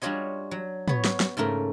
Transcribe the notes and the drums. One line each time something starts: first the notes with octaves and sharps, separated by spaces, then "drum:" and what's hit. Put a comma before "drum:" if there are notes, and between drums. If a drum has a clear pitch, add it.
G3 D4 F4 F#4 C#5 D#5
F#3
B3 C#5, drum: tom
drum: snare
drum: snare
G#2 C#3 A3 A#4